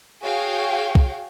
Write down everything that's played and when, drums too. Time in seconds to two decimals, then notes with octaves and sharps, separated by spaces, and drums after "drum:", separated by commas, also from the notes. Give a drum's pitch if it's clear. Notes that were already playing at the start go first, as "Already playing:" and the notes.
0.21 F#4 G#4 C#5 F5 G5
0.95 drum: kick